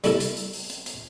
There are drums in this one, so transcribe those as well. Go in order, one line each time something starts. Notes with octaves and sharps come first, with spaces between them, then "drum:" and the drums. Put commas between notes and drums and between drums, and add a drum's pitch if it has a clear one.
G3 A3 E4 A4 A#4, drum: hi-hat
drum: hi-hat
drum: hi-hat
drum: open hi-hat
drum: hi-hat
drum: hi-hat